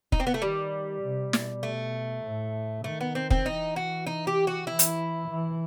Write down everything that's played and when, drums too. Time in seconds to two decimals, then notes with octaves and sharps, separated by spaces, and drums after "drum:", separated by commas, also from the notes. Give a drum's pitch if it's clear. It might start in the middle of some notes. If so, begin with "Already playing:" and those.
0.12 D#4, drum: kick F1
0.20 C4
0.27 B3
0.34 A3
0.42 D#3 G3
1.03 C3
1.33 B2, drum: snare
1.63 A3
2.24 A2
2.84 D#3 A3
3.01 B3
3.15 C4
3.31 C4, drum: kick F1
3.46 E3 D#4
3.76 F#4
4.07 D#4
4.27 G4
4.47 F#4
4.67 E3 E4
4.79 drum: hi-hat
5.28 E3